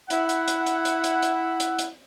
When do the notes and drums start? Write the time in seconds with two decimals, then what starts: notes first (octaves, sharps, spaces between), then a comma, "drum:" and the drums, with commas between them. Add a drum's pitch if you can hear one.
0.10 E4 F#5, drum: hi-hat
0.29 drum: hi-hat
0.48 drum: hi-hat
0.66 drum: hi-hat
0.85 drum: hi-hat
1.04 drum: hi-hat
1.22 drum: hi-hat
1.60 drum: hi-hat
1.79 drum: hi-hat